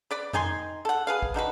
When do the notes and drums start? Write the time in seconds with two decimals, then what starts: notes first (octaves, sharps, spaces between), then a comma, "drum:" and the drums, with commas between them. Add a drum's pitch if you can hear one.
0.11 B4 D5 B5
0.33 D#3 D#4 G#5 C6, drum: tom F2
0.85 A4 F#5
1.07 G#4 B4 F5
1.22 drum: kick
1.34 D3 D#4 F#4 B4